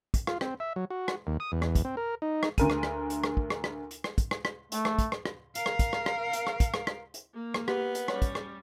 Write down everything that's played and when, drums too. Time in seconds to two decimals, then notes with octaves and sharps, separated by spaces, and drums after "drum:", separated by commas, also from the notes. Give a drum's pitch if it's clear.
0.14 drum: kick, hi-hat
0.27 F4, drum: rim click
0.41 C4, drum: rim click
0.60 E5
0.76 F#3
0.90 F#4
1.08 drum: rim click
1.27 D#2
1.40 D#6
1.52 E2
1.62 drum: rim click
1.75 drum: kick, hi-hat
1.85 C4
1.97 A#4
2.22 D#4
2.43 drum: rim click
2.58 D2 A#4 D#7, drum: kick, hi-hat
2.70 drum: rim click
2.83 drum: rim click
3.10 drum: hi-hat
3.24 drum: rim click
3.37 drum: kick
3.50 drum: rim click
3.64 drum: rim click
3.91 drum: hi-hat
4.04 drum: rim click
4.18 drum: kick, hi-hat
4.31 drum: rim click
4.45 drum: rim click
4.72 A3, drum: hi-hat
4.85 drum: rim click
4.99 drum: kick, hi-hat
5.12 drum: rim click
5.26 drum: rim click
5.55 A#4 F5, drum: hi-hat
5.66 drum: rim click
5.79 drum: kick, hi-hat
5.93 drum: rim click
6.06 drum: rim click
6.33 drum: hi-hat
6.47 drum: rim click
6.60 drum: kick, hi-hat
6.74 drum: rim click
6.87 drum: rim click
7.14 drum: hi-hat
7.35 A#3
7.54 drum: rim click
7.68 B3 G4, drum: rim click
7.95 drum: hi-hat
8.08 G3 C#4 C#5, drum: rim click
8.22 drum: kick, hi-hat
8.35 drum: rim click